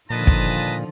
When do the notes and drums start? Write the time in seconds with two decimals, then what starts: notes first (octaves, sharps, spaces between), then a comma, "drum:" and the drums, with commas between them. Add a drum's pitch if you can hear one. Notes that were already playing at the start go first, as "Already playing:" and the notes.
0.10 A#2 D3 D#3 F3 B4 D#5 A5
0.27 drum: kick